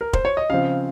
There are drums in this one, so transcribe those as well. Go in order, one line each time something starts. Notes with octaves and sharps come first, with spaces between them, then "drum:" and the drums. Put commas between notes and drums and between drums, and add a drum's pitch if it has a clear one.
A#4
C5, drum: kick
C#5
D#5
C#3 F3 C4 F5